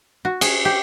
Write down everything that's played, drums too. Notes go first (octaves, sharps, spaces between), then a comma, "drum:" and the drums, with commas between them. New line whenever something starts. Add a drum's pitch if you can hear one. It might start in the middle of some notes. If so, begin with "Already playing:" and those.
F#4
G#4, drum: cymbal
G4